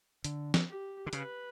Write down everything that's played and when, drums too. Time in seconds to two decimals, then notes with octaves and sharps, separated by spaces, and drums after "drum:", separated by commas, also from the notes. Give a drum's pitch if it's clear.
0.24 D3, drum: hi-hat
0.54 drum: snare
0.69 G4
1.06 D3
1.13 C#3 B4, drum: hi-hat